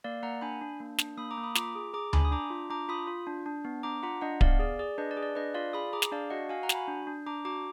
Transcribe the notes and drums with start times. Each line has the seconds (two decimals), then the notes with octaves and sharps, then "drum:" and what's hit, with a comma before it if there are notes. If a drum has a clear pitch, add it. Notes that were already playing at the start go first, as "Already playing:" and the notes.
0.04 A#3 D5 F5
0.23 A#3 F#5 A#5
0.41 D4 G#5 B5
0.61 D4
0.80 A#3
0.98 D4, drum: snare
1.17 A#3 B5 D#6
1.31 A#5 D6
1.37 A#3
1.43 B5 D#6
1.55 F4 A#5 D6, drum: snare
1.75 G#4
1.94 G#4 A#5 D6
2.13 D4 G#5 B5, drum: tom D2
2.25 D#6
2.31 D4 A#5 D6
2.50 F4
2.70 D4 A#5 D6
2.89 F4 B5 D#6
3.07 F4
3.27 D4
3.46 D4
3.65 B3
3.83 D4 A#5 D6
4.03 F4 F#5 A#5
4.21 D4 D#5 F#5
4.41 B3 D5 F5, drum: kick D1
4.59 G#4 D5
4.79 G#4 D5
4.98 D4 B4 D#5
5.11 D5
5.17 G#4
5.23 D5
5.35 D4 B4 D#5
5.54 F4 D5 F5
5.73 G#4 B5 D#6
5.93 G#4 A#5 D6
6.02 drum: snare
6.12 D4 D5 F5
6.30 F#4 D#5 F#5
6.49 F#4 F5 G#5
6.63 F#5 A#5
6.69 F#4, drum: snare
6.75 G#5 B5
6.88 D4
7.07 D4
7.26 D4 A#5 D6
7.45 F#4 A#5 D6